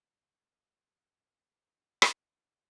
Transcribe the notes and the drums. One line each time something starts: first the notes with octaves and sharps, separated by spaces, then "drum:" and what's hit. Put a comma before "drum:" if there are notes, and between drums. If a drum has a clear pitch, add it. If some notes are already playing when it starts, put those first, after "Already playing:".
F2 G#2
drum: rim click